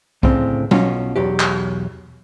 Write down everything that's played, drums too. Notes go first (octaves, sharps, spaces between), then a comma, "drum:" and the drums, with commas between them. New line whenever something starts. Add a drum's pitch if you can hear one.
D2 A2 C#3 C4, drum: kick
B1 B2 C#4 F4 F#4, drum: tom F#3
B1 E2 F#3 G4
drum: clap